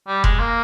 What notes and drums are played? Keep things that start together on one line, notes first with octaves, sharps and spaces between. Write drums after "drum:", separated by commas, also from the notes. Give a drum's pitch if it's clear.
G3
G#3, drum: kick F1
A#3